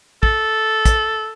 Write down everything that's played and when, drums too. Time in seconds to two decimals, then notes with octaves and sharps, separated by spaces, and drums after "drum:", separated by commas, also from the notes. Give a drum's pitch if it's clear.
0.23 A4, drum: kick
0.85 drum: kick, hi-hat